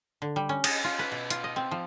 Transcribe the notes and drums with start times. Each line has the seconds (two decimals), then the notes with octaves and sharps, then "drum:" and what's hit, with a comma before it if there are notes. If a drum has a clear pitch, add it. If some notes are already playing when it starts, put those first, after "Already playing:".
0.22 D3
0.36 G3
0.49 C#4
0.64 D#5, drum: cymbal
0.84 F4
0.99 B4
1.12 B2
1.30 F4, drum: hi-hat
1.44 D#5
1.56 C4
1.71 F3